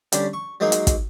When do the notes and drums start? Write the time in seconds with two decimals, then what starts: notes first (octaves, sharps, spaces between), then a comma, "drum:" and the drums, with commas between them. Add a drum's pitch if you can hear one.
0.12 D3 G3 C#4 D4, drum: hi-hat
0.33 C#6
0.60 F#3 G#3 A#3 D#4 G#4
0.72 drum: hi-hat
0.87 drum: kick, hi-hat